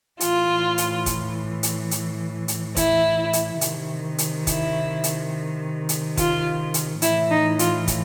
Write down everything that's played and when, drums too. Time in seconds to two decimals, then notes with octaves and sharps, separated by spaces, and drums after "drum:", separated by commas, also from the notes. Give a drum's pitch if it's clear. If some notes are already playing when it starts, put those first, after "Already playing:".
0.20 A2 E3 F4, drum: hi-hat
0.78 drum: hi-hat
1.06 drum: kick, hi-hat
1.63 drum: hi-hat
1.91 drum: hi-hat
2.48 drum: hi-hat
2.76 E4, drum: kick, hi-hat
3.33 drum: hi-hat
3.61 C3 D#3, drum: hi-hat
4.18 drum: hi-hat
4.47 E4, drum: kick, hi-hat
5.04 drum: hi-hat
5.89 drum: hi-hat
6.17 F4, drum: kick, hi-hat
6.74 drum: hi-hat
7.02 A2 E3 E4, drum: hi-hat
7.30 D#4
7.59 F4, drum: hi-hat
7.88 drum: kick, hi-hat